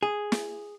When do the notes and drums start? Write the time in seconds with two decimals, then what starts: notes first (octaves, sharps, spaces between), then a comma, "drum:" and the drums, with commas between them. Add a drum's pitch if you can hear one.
0.03 G#4
0.32 drum: snare